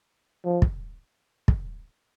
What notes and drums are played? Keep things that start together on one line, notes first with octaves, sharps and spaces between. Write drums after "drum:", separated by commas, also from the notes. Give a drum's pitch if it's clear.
F3
drum: kick
drum: kick